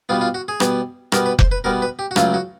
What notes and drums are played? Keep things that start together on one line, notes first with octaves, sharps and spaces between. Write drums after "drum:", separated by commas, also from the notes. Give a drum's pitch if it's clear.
B2 G3 B3 F4
F4
F#4
G#4
B2 G3 B3, drum: rim click
B2 G3 B3 A#4, drum: rim click
B4
C5, drum: kick F1
B4
B2 G3 B3 A#4
B4
G4
F#4
C#2 C#3 F#3 A3 C#4 F4, drum: rim click
F#4